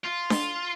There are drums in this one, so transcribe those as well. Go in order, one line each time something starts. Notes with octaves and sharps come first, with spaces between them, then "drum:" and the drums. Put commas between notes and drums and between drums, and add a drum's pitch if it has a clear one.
F4
drum: snare D4